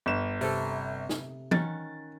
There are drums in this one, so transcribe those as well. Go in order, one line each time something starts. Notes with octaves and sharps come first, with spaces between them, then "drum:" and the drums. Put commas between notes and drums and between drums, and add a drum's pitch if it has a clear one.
G1 E7
C3 A4, drum: open hi-hat
drum: snare
D#3 C#4 F#5 A6, drum: tom E3